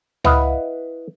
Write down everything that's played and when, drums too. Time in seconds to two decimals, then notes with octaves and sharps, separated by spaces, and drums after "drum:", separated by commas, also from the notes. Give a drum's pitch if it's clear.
0.24 E4 B4 D#5 F5 F#5, drum: tom C#2